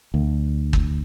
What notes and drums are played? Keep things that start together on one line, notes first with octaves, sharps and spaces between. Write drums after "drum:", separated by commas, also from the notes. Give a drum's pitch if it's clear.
D2
drum: kick